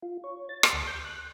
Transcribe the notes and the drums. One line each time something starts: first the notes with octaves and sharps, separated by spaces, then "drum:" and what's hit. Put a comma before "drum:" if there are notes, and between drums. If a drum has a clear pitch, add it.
F4
C#5
A6
drum: rim click
D2
G6
F#6